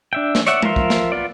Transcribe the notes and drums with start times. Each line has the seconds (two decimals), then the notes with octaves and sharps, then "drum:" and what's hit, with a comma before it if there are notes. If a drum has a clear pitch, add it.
0.13 D4 E5 G5
0.35 drum: snare
0.47 C#5 D5 E5 F#5, drum: hi-hat
0.62 F3 A#4 E5 F5 C6, drum: tom G#3
0.76 drum: kick
0.90 drum: snare
1.12 B3 F4 D5